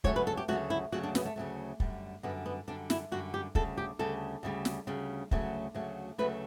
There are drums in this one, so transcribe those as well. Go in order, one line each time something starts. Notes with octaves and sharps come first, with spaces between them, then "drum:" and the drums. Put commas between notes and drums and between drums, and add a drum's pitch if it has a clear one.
D2 C#3 F#3 A3 C#5, drum: kick
B4
A4
G4
D2 C#3 F#3 A3 F#4
E4
D2 C#3 F#3 A3 F#4
D4
B3, drum: snare
A3
D2 C#3 F#3 A3
F#2 D3 G3, drum: kick
F#2 D3 G3 B3
B3
F#2 D3 G3 D4
E4, drum: snare
F#2 D3 G3 F#4
G4
D2 C#3 G3 A4, drum: kick
G4
D2 C#3 G3 A4
D2 C#3 G3
drum: snare
D2 C#3 G3
D2 C#3 F#3 A3, drum: kick
D2 C#3 F#3 A3
D2 C#3 F#3 A3 B4